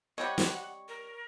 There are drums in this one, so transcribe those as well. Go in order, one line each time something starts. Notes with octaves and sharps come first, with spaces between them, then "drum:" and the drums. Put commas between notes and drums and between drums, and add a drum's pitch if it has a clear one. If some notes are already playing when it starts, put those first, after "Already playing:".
G3 C4 C#5 D#5 F#5
drum: snare
A#4